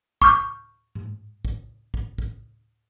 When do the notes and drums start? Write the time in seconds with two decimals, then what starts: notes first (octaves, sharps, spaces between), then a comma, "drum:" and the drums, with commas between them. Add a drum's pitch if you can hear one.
0.22 C#6 D6 F6 G6, drum: kick
0.95 drum: tom G#2
1.45 drum: kick
1.94 drum: kick
2.18 drum: kick